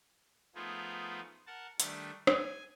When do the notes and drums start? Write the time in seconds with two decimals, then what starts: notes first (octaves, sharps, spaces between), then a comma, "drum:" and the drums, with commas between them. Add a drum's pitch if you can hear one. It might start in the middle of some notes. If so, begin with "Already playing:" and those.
0.55 F3 A3 B3 D#4 F4 G#4
1.47 A#4 F#5 A5
1.80 D#3 G3 A3 D4, drum: hi-hat
2.27 G#5, drum: rim click